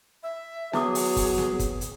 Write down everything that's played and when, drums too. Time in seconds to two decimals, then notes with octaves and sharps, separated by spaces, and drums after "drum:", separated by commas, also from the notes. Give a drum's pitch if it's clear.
0.23 E5
0.73 F#3 B3 E4 G#4 D6 D#6, drum: snare
0.95 drum: open hi-hat
1.16 drum: kick, open hi-hat
1.38 drum: snare
1.59 drum: kick, hi-hat
1.81 drum: hi-hat